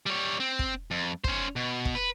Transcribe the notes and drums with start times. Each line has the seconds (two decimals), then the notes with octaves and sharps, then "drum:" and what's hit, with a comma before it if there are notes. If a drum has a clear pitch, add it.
0.06 G3 C#5
0.40 C4
0.59 drum: kick
0.91 F2
1.24 C#4 C5, drum: kick
1.56 B2
1.85 drum: kick
1.95 B4